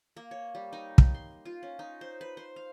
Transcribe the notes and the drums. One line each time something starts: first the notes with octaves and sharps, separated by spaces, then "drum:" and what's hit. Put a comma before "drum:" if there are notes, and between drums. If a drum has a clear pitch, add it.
A#3
C#5
G3
D#4
drum: kick
C6
F4
C#4
D#4
C5
B4
C5
F5